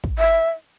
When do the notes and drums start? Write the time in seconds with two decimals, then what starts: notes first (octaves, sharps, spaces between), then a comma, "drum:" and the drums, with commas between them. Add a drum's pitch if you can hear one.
0.04 drum: kick
0.19 E5